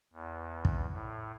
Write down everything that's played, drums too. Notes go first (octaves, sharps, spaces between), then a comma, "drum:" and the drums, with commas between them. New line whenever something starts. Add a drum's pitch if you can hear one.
E2
drum: kick
A2